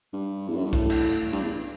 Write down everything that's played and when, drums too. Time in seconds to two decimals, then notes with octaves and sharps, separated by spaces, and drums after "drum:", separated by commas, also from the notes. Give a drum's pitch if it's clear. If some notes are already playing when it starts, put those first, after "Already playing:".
0.13 G2
0.48 E2
0.56 F#2
0.64 G2
0.73 A2, drum: kick
0.90 drum: cymbal
1.32 G2
1.42 E2